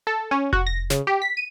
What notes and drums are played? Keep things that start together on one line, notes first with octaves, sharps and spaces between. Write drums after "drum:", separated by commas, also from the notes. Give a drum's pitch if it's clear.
A4
C#4
F#4, drum: kick F1
A#6
C#3, drum: snare
G4
B6
D#7